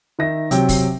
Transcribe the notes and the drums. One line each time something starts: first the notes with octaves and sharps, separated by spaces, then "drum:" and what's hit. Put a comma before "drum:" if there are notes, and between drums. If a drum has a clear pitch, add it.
D#3 E5 A#6
C3 F#3 G5, drum: hi-hat
drum: kick, open hi-hat